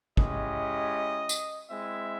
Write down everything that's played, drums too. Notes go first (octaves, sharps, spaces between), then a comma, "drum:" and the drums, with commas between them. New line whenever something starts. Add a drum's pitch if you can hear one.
G#3 C#4 E4 G4 D#5, drum: kick
drum: tambourine
G#3 C4 E4 E5